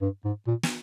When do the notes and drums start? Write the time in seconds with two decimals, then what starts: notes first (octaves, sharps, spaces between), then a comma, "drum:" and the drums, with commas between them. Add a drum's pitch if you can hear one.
0.02 G2
0.25 G#2
0.47 A#2
0.63 drum: snare